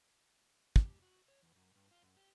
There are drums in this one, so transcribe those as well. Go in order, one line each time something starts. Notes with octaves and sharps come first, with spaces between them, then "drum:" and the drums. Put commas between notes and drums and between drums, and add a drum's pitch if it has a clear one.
G4, drum: kick
F#4
C#5
E2
F#2
G2
F4
F#2
G4